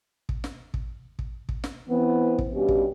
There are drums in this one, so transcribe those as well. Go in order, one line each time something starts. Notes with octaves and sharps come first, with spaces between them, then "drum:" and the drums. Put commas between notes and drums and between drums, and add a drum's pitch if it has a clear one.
drum: kick
drum: snare
drum: kick
drum: kick
drum: kick
drum: snare
E3 B3 C4
drum: kick
G2 B2 C#4 G4
drum: kick